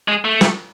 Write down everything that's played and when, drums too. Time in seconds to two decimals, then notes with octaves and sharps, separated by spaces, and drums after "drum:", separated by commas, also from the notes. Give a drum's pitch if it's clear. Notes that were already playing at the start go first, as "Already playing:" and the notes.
0.08 G#3
0.25 A3
0.41 drum: snare